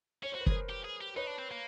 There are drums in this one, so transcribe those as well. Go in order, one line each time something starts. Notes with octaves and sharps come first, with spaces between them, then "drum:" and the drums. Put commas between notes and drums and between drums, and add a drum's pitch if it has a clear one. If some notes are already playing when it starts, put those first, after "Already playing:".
C#4 C#5
F#4 C5
B4
G#4, drum: kick
A#4 C5
G4
G#4
G4
D#4 B4 C#5
D4
C4
A#3